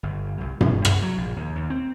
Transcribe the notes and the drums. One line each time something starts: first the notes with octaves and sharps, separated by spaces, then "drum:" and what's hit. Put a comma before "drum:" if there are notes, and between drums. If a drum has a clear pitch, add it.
G1
C2
E1, drum: tom G2
C2, drum: rim click
F#3
A#1
D#2
D#2
C4